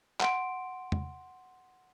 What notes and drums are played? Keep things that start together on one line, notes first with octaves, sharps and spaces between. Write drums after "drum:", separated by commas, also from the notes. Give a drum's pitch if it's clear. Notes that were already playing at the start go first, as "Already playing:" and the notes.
F#5 C6 D7, drum: clap
drum: tom E2